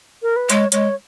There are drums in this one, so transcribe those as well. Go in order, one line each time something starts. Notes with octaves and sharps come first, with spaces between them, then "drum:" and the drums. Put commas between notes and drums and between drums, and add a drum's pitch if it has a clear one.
A#4
B4
G#3 C#5, drum: hi-hat
G#3 C#5, drum: hi-hat